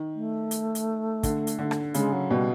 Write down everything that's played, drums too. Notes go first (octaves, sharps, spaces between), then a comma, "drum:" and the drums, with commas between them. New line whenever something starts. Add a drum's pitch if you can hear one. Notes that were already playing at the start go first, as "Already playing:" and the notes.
Already playing: D#3
A3
drum: hi-hat
drum: hi-hat
D3, drum: kick, hi-hat
drum: hi-hat
D3
drum: rim click
C#3 G#3, drum: hi-hat
F#3
B2 G3